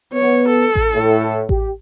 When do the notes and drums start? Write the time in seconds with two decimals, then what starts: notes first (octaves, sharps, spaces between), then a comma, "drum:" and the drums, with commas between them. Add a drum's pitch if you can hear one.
0.13 B3 C#5
0.48 A4
0.75 drum: kick A1
0.94 A2
1.49 G4, drum: kick A1